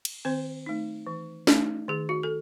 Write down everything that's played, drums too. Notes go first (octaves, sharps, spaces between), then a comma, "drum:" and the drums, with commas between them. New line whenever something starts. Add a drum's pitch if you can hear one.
drum: cymbal
D#3 C4 C5
A3 D#4
E3
A3 D#4, drum: snare
D#3 G#4
F#4
A4